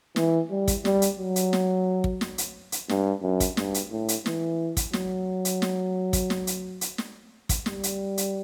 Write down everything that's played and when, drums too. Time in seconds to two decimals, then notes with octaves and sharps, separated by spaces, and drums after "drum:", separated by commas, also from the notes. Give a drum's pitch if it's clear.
0.16 E3, drum: snare
0.51 G3
0.68 drum: kick, hi-hat
0.85 G3, drum: snare
1.02 drum: hi-hat
1.19 F#3
1.36 drum: hi-hat
1.53 drum: snare
2.04 drum: kick
2.21 drum: snare
2.38 drum: hi-hat
2.72 drum: hi-hat
2.89 G2, drum: snare
3.23 F#2
3.40 drum: kick, hi-hat
3.57 G2, drum: snare
3.74 drum: hi-hat
3.91 A2
4.08 drum: hi-hat
4.26 E3, drum: snare
4.77 drum: kick, hi-hat
4.93 F#3, drum: snare
5.45 drum: hi-hat
5.62 drum: snare
6.13 drum: kick, hi-hat
6.30 drum: snare
6.47 drum: hi-hat
6.81 drum: hi-hat
6.98 drum: snare
7.49 drum: kick, hi-hat
7.66 G3, drum: snare
7.83 drum: hi-hat
8.18 drum: hi-hat